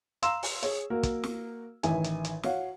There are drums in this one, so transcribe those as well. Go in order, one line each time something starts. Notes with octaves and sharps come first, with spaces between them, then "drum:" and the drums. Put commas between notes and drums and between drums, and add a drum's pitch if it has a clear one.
F5 A#5 C6 E6 E7, drum: hi-hat
drum: open hi-hat
G#4 C#5, drum: hi-hat
A#3 F#4 A#4
drum: kick, hi-hat
drum: snare
A1 D#3 E3 E5 G#5, drum: hi-hat
drum: hi-hat
drum: hi-hat
F#4 C#5 F5 F#5, drum: snare